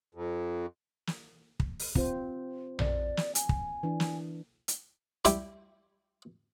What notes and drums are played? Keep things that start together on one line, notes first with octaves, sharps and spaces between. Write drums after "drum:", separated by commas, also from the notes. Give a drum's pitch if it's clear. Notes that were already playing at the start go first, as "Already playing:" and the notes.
F2
drum: snare
drum: kick
drum: open hi-hat
C4 F4 C5, drum: kick
D5, drum: tom A#1
drum: snare
G#5, drum: hi-hat
drum: kick
E3 D4
drum: snare
drum: hi-hat
G3 E4 G4, drum: hi-hat